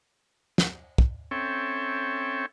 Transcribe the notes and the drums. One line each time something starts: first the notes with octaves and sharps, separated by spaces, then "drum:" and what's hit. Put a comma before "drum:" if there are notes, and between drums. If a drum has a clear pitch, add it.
drum: snare
drum: kick
C4 C#4 A4 C#5 E5 G5